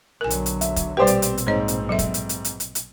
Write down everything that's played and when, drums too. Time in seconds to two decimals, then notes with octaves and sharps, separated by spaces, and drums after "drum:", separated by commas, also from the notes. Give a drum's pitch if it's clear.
0.21 B1 D3 F#3 A#4 G#5
0.30 drum: hi-hat
0.46 drum: hi-hat
0.61 E5, drum: hi-hat
0.76 drum: kick F1, hi-hat
0.97 A#1 B2 G3 C4 G4 B4 C5 D5
1.07 drum: hi-hat
1.22 drum: hi-hat
1.37 drum: hi-hat
1.47 G#2 C5 C#5 D#5
1.68 drum: hi-hat
1.89 F#3 A4 E5
1.99 drum: kick F1, hi-hat
2.14 drum: hi-hat
2.29 drum: hi-hat
2.45 drum: hi-hat
2.60 drum: hi-hat
2.75 drum: hi-hat